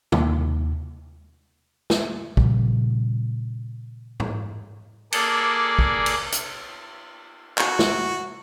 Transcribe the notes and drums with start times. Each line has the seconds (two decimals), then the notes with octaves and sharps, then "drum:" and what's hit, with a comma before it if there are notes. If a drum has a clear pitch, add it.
0.12 D#2, drum: tom B2
1.90 drum: snare
2.37 A#2 C#3 F3 G3, drum: kick
4.20 drum: tom G#2
5.12 A#3 G#4 A4 D5, drum: cymbal
5.79 drum: kick
6.06 drum: cymbal
6.32 drum: hi-hat
7.58 F#4, drum: clap
7.79 drum: snare